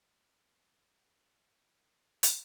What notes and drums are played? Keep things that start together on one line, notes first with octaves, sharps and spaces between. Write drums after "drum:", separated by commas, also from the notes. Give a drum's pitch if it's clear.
G3 G6
drum: hi-hat